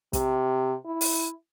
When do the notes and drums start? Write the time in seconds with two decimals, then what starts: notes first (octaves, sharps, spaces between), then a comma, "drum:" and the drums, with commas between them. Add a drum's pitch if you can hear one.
0.13 C3, drum: kick, hi-hat
0.85 E4
1.01 drum: open hi-hat